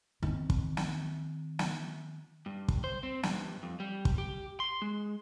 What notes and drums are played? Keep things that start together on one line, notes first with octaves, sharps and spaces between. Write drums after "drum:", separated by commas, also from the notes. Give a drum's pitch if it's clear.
D#3 C4
drum: kick
drum: snare
drum: snare
G2
drum: kick
C5
C4
G2, drum: snare
F2
G3
drum: kick
G4
C6
G#3